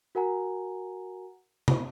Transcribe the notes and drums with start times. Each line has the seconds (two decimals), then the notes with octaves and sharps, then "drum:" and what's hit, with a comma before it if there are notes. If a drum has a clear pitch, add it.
0.15 F#4 A#4 F#5 G#5 A#5
1.68 drum: tom C3